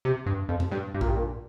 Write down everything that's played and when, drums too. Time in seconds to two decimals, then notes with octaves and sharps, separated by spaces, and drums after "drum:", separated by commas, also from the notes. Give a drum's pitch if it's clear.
0.05 C3
0.26 G2
0.49 F2
0.60 drum: tom A#2
0.71 G2
0.94 G2
1.01 A#2, drum: kick A#1
1.08 G2
1.16 A#2